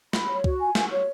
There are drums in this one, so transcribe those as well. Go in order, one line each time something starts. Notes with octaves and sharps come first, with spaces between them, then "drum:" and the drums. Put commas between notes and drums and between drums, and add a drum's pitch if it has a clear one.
B5, drum: snare
C#5
F#4, drum: kick C2
G#5
F#4, drum: snare
C#5